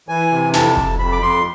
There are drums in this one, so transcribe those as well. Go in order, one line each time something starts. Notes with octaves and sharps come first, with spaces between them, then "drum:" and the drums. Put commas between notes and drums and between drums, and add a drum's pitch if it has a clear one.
E3 G#5
C3
F2 A5, drum: snare
F2, drum: kick F1
F2 B5
D6
F2 C6